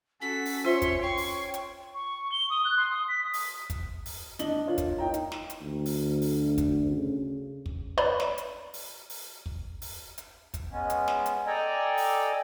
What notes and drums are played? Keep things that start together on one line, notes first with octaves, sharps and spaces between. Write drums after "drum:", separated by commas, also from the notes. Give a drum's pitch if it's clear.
C#4 F#4 A4 B6
drum: open hi-hat
F4 C5 C#5 E5 C6 C#7
drum: kick, hi-hat
C#5 G5 C6 C#6
drum: open hi-hat
drum: hi-hat
C#6
G7
D#6
F#6
C6
D#6
B6
D#6
drum: open hi-hat
drum: kick, hi-hat
drum: open hi-hat
D4 D#5 F#7 G7, drum: hi-hat
F4 A#4 C#5 F5
drum: kick, hi-hat
D#4 G5 A#5
drum: hi-hat
drum: snare
drum: hi-hat
D2
drum: open hi-hat
drum: open hi-hat
drum: kick, hi-hat
C#3
drum: kick
B4 C#5 D5 A#5 B5
drum: snare
drum: hi-hat
drum: open hi-hat
drum: open hi-hat
drum: kick
drum: open hi-hat
drum: hi-hat
drum: kick, hi-hat
G#3 B3 C#4
drum: hi-hat
drum: snare
drum: hi-hat
A4 D5 D#5 G5 G#5 A#5
drum: open hi-hat